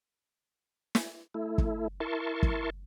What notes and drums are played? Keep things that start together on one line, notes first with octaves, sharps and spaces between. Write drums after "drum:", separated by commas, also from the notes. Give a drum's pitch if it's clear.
drum: snare
A3 E4
drum: kick
E4 A#4 A5 C6 C#6
drum: kick